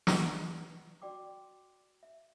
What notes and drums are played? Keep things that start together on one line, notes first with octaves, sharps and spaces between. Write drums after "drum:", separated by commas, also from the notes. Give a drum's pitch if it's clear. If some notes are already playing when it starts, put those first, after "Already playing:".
B4 D5, drum: snare
F#4 D5 G5 D6
E5